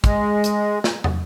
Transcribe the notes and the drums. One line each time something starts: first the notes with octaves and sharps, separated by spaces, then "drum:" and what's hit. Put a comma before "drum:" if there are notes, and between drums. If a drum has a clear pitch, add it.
G#3, drum: kick, hi-hat
drum: hi-hat
drum: snare
drum: tom